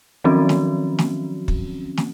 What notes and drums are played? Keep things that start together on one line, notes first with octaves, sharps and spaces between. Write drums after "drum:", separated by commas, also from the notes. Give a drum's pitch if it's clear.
D#3 F3 F#3 C4 C#4 F#4
drum: snare
drum: snare
drum: kick
drum: snare